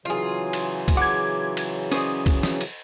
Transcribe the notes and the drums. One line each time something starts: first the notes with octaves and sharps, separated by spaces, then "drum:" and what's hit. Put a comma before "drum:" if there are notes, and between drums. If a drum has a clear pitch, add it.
C#3 E3 F#3 F4 G#4
drum: cymbal
drum: kick, cymbal
F#5 D6 G#6
drum: cymbal
C#4 C5 D5 D#6, drum: cymbal
drum: kick, cymbal
drum: snare
drum: cymbal